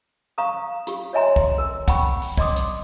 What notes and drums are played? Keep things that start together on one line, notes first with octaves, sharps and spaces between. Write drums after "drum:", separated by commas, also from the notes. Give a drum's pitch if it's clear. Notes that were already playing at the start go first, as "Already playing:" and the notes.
F5 A#5 C#6 D#6
F4 G4, drum: hi-hat
C#5 D#5 E5 G#5 A#5 C6
drum: kick
A#4
F#5 G5 B5 C#6, drum: kick, hi-hat
drum: open hi-hat
D5 D#5 C6 D6 D#6, drum: kick
drum: hi-hat